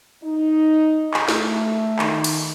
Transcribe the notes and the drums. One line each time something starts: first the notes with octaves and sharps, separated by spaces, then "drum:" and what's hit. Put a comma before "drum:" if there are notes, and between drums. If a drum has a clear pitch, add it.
D#4
drum: clap
A3, drum: snare
D#3, drum: clap
drum: cymbal